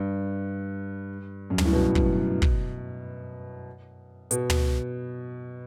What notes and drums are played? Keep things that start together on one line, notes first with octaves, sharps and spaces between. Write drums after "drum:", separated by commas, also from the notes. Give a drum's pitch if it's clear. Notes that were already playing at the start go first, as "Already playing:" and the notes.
Already playing: G2
F#2
G2, drum: tom
A2
B2
drum: kick
drum: kick
B2, drum: hi-hat
drum: tom